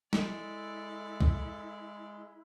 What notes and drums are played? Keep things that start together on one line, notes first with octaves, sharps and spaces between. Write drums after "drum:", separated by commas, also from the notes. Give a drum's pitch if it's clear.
G#3 E4 A4 D5, drum: snare
drum: kick